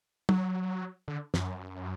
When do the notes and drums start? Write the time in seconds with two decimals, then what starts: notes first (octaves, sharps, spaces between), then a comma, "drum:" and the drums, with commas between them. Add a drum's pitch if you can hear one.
0.29 F#3, drum: tom
1.08 D3
1.34 F#2, drum: snare